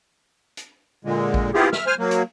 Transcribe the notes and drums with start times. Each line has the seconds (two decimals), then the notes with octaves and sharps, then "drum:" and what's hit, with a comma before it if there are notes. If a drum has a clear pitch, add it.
0.57 drum: hi-hat
1.05 A#2 D3 G#3
1.34 drum: kick A1
1.54 B3 C4 E4 F4 G4 G#4
1.73 E5 F6, drum: snare
1.86 C5 G#5 F6
1.99 F#3 A#3
2.11 drum: hi-hat